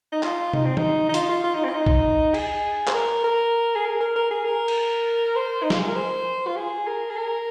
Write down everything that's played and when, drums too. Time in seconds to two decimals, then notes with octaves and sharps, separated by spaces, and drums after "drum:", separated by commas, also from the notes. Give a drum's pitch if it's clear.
0.12 D#4
0.23 F4, drum: clap
0.53 D#4, drum: tom C3
0.65 C4
0.77 D#4, drum: tom D#3
1.09 D#4
1.14 F4, drum: hi-hat
1.29 F4
1.44 F4
1.54 D#4
1.64 C4
1.70 F4
1.74 D#4
1.86 drum: kick A#1
2.34 G#4, drum: cymbal
2.88 C5, drum: clap
2.94 A#4
3.24 A#4
3.75 G#4
3.85 A#4
4.01 A#4
4.16 A#4
4.31 G#4
4.45 A#4
4.68 drum: cymbal
5.36 C5
5.63 D#4
5.70 F4, drum: snare
5.79 G#4
5.88 A#4
5.96 C5
6.47 F4
6.56 G#4
6.87 A#4
7.10 G#4
7.17 A#4